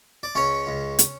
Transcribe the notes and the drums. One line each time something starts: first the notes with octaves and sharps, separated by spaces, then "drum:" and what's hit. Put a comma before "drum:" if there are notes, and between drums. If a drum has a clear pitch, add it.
D5
C#2 C#4 C#5
C#2
drum: hi-hat